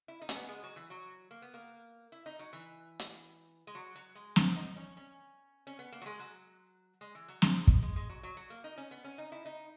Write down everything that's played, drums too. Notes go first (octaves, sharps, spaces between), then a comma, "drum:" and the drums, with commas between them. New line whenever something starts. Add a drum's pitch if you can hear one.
E4
D#4
C#4, drum: hi-hat
B3
G#3
F#3
E3
F#3
A#3
B3
A#3
E4
D#4
F#3
E3
drum: hi-hat
G#3
F#3
F#3
G#3
B3, drum: snare
D#4
C#4
C#4
C#4
B3
A#3
F#3
G#3
F#3
G#3
E3
F#3
G#3, drum: snare
drum: kick
G#3
G#3
F#3
F#3
F#3
A#3
D#4
C#4
B3
C#4
D#4
E4
D#4